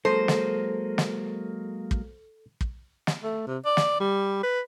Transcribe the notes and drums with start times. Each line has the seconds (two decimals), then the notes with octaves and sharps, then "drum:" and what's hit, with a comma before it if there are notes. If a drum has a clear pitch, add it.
0.05 F#3 G#3 A#3 A4 C5
0.28 drum: snare
0.98 drum: snare
1.91 drum: kick
2.61 drum: kick
3.07 drum: snare
3.23 A3
3.47 C3
3.65 D5
3.77 drum: snare
4.00 G3
4.43 B4